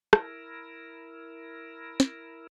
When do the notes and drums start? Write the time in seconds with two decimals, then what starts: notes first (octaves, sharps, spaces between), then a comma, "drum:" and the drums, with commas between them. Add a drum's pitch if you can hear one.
0.13 E4 A#4, drum: rim click
2.00 drum: snare